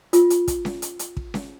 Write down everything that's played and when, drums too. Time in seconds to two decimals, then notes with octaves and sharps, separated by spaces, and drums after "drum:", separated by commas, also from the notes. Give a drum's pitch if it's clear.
0.13 F4, drum: hi-hat
0.30 drum: hi-hat
0.48 drum: kick, hi-hat
0.65 drum: snare C#4
0.82 drum: hi-hat
0.99 drum: hi-hat
1.17 drum: kick
1.34 drum: snare C#4